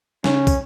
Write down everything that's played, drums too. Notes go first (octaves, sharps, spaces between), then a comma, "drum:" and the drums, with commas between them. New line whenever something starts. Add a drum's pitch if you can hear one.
C#3 C#4, drum: snare
drum: kick, tambourine